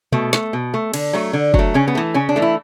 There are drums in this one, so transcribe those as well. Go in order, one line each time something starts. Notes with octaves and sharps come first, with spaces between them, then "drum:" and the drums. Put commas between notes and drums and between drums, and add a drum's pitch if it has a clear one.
B2 A3, drum: tom B2
A3, drum: snare
B2
A3
D3, drum: cymbal
F#3 A3
D3
F#3 A3, drum: kick F#1
C#3 C#4
B3
E3 A3
C#3 C#4
D4
E3 A3
E4